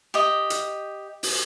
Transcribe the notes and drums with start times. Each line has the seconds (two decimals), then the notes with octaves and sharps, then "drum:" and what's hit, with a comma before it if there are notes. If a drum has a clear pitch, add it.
0.14 G4 D#5
0.50 drum: hi-hat
1.23 drum: open hi-hat